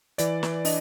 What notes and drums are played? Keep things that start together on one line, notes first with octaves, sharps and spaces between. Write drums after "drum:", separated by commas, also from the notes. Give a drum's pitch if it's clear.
E3 D5, drum: hi-hat
E3, drum: snare
D4 D#5, drum: open hi-hat